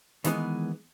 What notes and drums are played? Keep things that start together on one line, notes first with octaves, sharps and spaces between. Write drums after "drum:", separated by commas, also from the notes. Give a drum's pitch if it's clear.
D#3 E3 G#3 B3 G#4 B4, drum: snare